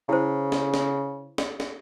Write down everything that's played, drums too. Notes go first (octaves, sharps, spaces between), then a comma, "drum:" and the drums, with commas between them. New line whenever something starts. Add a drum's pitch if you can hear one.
C#3 E4 C5
drum: snare
drum: snare
drum: snare
drum: snare